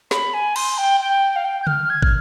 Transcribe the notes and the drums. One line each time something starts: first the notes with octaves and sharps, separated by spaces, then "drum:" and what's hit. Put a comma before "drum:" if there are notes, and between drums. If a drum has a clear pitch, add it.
B5, drum: snare
G#5
C6, drum: cymbal
G5
G5
F5
G5
G6
F6, drum: tom C#3
G#6
F6, drum: kick